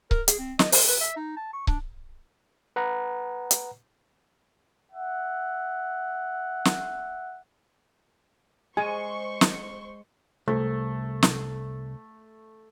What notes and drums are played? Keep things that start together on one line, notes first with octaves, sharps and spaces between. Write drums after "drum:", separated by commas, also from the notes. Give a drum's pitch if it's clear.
A#4, drum: kick C#1
G#4, drum: hi-hat
C4
D#5, drum: snare
C5, drum: open hi-hat
B4
E5
D#4
A5
C#6
D4, drum: kick C#1
B4 F#5 A#5
drum: hi-hat
E5 F#5
drum: snare
G#3 G#4 C5 G#5 C6 C#6
drum: snare
C2 A3
drum: snare